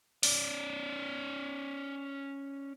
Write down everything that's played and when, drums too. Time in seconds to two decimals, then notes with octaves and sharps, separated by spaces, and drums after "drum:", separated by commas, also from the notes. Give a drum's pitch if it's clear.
0.23 C#4 D5, drum: open hi-hat